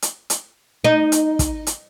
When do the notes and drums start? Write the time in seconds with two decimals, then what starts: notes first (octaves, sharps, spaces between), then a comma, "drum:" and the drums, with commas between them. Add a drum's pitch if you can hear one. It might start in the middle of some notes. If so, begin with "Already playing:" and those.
0.02 drum: hi-hat
0.30 drum: hi-hat
0.84 D#4
1.12 drum: hi-hat
1.39 drum: kick, hi-hat
1.67 drum: hi-hat